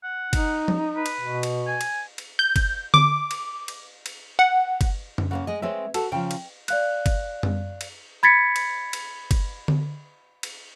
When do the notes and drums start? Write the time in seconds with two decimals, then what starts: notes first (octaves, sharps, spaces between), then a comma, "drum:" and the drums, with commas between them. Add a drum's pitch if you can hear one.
0.03 F#5
0.33 D#4, drum: kick G1, cymbal
0.68 drum: tom F3
0.96 B4
1.06 drum: cymbal
1.21 B2
1.43 drum: cymbal
1.67 G#5
1.81 drum: cymbal
2.18 drum: cymbal
2.39 G6
2.56 drum: kick G1, cymbal
2.94 D6, drum: tom D3
3.31 drum: cymbal
3.68 drum: cymbal
4.06 drum: cymbal
4.39 F#5
4.81 drum: kick G1, cymbal
5.18 drum: tom F#2
5.31 C#3 A#3 C#4 F#5
5.47 G#3 D#5
5.62 G#3 C4 B4 C#5 E5
5.94 F#4 A4, drum: cymbal
6.12 C#3 F3 G5
6.31 drum: cymbal
6.68 D5 F5 F#6, drum: cymbal
7.06 drum: kick G1, cymbal
7.43 drum: tom F#2
7.81 drum: cymbal
8.23 B5 G#6 A6 B6 C#7
8.56 drum: cymbal
8.93 drum: cymbal
9.31 drum: kick G1, cymbal
9.68 drum: tom D3
10.43 drum: cymbal